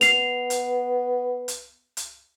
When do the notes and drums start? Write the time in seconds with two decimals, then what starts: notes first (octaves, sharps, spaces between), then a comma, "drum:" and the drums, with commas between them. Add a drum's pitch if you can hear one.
0.01 B3 C7 F7, drum: hi-hat
0.50 drum: hi-hat
1.48 drum: hi-hat
1.97 drum: hi-hat